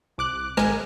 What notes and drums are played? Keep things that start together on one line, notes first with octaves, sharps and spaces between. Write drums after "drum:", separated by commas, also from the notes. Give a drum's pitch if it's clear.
C2 D6 F#6
G#1 G#3 A#4 G#5, drum: rim click